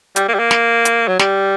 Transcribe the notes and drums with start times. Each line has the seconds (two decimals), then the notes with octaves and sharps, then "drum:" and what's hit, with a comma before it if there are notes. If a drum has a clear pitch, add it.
0.16 G3, drum: hi-hat
0.28 A#3
0.34 G3
0.39 A#3
0.51 drum: snare
0.85 drum: hi-hat
1.08 F#3
1.19 G3, drum: snare